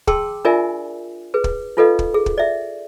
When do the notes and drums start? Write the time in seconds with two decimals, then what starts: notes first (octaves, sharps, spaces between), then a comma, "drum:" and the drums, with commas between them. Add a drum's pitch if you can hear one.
0.07 G#4 G5 A5 C6 D6 E6, drum: kick
0.45 D4 F4 A#4 D5 E5 G#5
1.34 G#4 B4
1.44 drum: kick
1.77 D#4 F4 A4 B4 D#5 F5
1.99 drum: kick
2.14 G#4
2.26 drum: kick
2.38 D5 E5